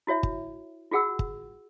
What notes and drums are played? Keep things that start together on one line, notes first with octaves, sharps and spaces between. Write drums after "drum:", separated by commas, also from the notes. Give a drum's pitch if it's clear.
E4 F#4 C#5 E5
drum: kick
F4 F#4 G#4 F#5 E6
drum: kick